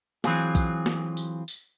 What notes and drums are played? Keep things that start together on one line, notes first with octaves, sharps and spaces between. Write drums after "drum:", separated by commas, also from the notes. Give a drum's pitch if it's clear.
E3 F#3 C4 F4 G#4, drum: snare
drum: kick B1, tambourine
drum: snare
drum: tambourine
drum: tambourine